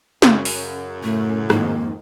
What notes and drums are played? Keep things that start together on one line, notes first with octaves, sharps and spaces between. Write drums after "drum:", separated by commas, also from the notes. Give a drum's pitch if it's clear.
F#2 C#3, drum: snare
drum: open hi-hat
A2 A3
F2 G#2 D#3 A#3, drum: rim click